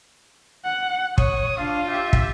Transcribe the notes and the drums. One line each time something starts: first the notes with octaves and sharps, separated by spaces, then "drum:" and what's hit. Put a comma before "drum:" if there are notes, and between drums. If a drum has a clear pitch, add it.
F#5
C#5 D#6, drum: kick
D4 F4 F5
G4 E5
drum: kick